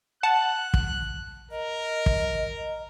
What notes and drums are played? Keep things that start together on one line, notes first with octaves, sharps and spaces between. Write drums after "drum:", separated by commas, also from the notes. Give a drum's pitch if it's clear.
F#5 A5 F#6
drum: kick
A#4 D#5
drum: kick